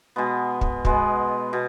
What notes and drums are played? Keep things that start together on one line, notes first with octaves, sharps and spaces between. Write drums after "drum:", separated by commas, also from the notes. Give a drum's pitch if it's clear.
B2 G#3 B3
drum: kick
B2 G#3 B3, drum: kick
B2